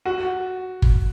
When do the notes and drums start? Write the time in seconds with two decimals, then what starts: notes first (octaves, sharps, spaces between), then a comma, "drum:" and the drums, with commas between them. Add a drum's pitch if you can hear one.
0.05 F#4
0.82 drum: kick